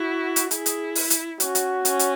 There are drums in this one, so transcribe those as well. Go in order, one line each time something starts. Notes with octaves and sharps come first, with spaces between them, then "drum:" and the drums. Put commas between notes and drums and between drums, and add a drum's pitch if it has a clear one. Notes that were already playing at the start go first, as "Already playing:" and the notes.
Already playing: E4 F#4
drum: hi-hat
E4 G#4, drum: hi-hat
drum: hi-hat
drum: open hi-hat
drum: hi-hat
C#4 F#4, drum: hi-hat
drum: hi-hat
C#4, drum: hi-hat
drum: hi-hat